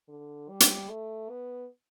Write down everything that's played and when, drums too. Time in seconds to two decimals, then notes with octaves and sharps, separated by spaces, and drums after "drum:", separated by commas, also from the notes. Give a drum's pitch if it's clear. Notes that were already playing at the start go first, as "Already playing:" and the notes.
0.09 D3
0.49 G3
0.60 drum: hi-hat
0.89 A3
1.30 B3